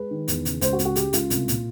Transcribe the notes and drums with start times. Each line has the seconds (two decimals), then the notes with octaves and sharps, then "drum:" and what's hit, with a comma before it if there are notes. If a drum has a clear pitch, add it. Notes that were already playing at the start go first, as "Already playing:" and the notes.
Already playing: G#3 B4
0.11 D#3
0.28 E2, drum: hi-hat
0.45 C#3, drum: hi-hat
0.61 C#2 C5, drum: hi-hat
0.73 F#4
0.79 C#2, drum: hi-hat
0.85 F#4
0.96 C#3 G4, drum: hi-hat
1.13 C#2 F4, drum: hi-hat
1.30 C2, drum: hi-hat
1.48 A#2, drum: hi-hat